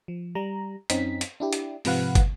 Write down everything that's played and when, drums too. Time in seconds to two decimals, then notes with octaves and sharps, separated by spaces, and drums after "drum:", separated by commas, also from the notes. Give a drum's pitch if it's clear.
0.08 F3
0.35 G3 A#5
0.90 F#2 C4 C#4 D#4 B6, drum: hi-hat
1.21 drum: hi-hat
1.40 D4 E4 G4
1.53 drum: hi-hat
1.85 G#2 C3 F3 B4 F5 F#5, drum: open hi-hat
2.15 drum: kick, hi-hat